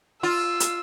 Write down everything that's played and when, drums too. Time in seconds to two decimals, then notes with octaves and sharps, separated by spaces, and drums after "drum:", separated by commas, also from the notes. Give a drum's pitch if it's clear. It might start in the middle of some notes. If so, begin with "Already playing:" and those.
0.23 F4 E6
0.60 drum: hi-hat